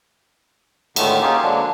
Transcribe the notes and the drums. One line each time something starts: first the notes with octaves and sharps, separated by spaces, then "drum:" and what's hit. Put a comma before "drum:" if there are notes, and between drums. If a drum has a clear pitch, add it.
A2 D3 D#3 G#3 A3 B3, drum: cymbal
A#3 C#4 D#4 F4 G4 G#4
D3 F3 F#3 G#3 A#3 D4